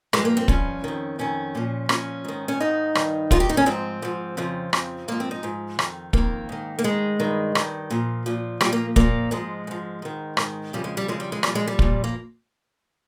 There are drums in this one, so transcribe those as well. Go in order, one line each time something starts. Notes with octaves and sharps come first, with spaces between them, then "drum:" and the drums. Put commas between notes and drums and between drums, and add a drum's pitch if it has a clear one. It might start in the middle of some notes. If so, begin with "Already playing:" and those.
G2 F3 G#3, drum: rim click
A#3
C4
G2 F3 C#4, drum: kick
F2 D#3
F2 D#3 C#4
A#2 F3
A#2 F3 C#4, drum: rim click
G#2 D#3
C#4
G#2 D#3 D#4
G2 D#3, drum: rim click
G2 D#3 F4, drum: kick
G4
D#4
C#4
G#2 F3 C4
G#2 F3
F2 C#3 F3
F2 C#3 F3, drum: rim click
G#2 F3 A#3
C4
D#4
G#2 F3
F2 D#3, drum: rim click
F2 D#3 A#3, drum: kick
G#2 D#3
A#3
G#2 D#3 G#3
G2 D#3
G2 D#3, drum: rim click
A#2 F3
A#2 F3
A#2 F3 G3, drum: rim click
A#3
A#2 F3 A#3, drum: kick
G#2 F3 G#3
G#2 F3
G#2 D#3
G#2 D#3, drum: rim click
F2 C#3 F3 G3
G#3
G3
F2 C#3 F3 G#3
G3
G#3
A#2 F3 G3, drum: rim click
G#3
G3
A#2 F3, drum: kick
A#3